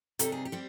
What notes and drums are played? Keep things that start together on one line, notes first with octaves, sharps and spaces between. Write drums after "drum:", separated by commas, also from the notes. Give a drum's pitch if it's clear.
C3 D#3 G3 C4 A4, drum: hi-hat
G#4
G4
G3 C4